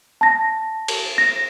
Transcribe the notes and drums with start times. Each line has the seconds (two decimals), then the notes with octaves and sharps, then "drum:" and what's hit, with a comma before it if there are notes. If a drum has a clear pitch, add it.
0.21 A5 A#6
0.88 drum: cymbal
1.18 A#6